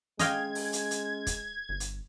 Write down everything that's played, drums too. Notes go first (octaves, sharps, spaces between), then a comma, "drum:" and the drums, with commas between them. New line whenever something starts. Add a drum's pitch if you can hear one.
G#3 C#4 D#5 F5 G5 G#6, drum: hi-hat
drum: open hi-hat
drum: hi-hat
drum: hi-hat
drum: kick, hi-hat
G1
drum: hi-hat